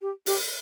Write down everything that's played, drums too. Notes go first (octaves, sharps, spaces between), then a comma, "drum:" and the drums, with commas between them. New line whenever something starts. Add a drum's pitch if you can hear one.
G4
G4, drum: open hi-hat